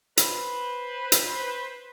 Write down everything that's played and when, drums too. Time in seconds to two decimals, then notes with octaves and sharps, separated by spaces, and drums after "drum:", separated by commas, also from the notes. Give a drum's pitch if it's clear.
0.17 B4 C5, drum: hi-hat
1.12 drum: hi-hat